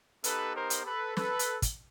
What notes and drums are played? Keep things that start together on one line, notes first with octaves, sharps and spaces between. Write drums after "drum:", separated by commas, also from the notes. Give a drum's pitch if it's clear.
B3 D#4 G4 A4 B4, drum: hi-hat
A#4 C5
drum: hi-hat
A4 B4
A4 B4, drum: snare
drum: hi-hat
drum: kick, hi-hat